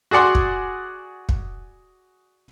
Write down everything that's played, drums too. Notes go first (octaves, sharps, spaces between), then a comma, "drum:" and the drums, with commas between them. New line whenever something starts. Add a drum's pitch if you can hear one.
F#4 G#4 D5 F#5 C6
drum: kick
drum: kick